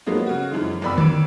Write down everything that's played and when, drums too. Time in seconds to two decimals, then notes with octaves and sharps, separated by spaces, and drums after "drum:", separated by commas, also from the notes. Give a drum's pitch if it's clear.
0.06 F3 F#3 G#3 A#3 B3
0.26 C#3 F#4
0.51 F#2 E3 F3 G#3
0.81 F#1 F2 B3 D5 B5 E6
0.98 A1 D7, drum: tom D3